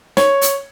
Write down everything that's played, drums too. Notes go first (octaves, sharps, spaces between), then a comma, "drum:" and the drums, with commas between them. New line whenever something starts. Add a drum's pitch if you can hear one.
C#5, drum: snare
drum: hi-hat